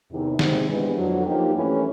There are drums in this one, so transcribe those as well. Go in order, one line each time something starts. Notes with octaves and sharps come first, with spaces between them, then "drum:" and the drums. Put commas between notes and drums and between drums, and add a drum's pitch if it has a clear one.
E2 C3 D#3
C3 D#3 G#3 C4, drum: snare D#3
G2 E3 G#3 B3
F2 D3 F#3
F3 A#3 D#4 G4
G2 E3 A3 C#4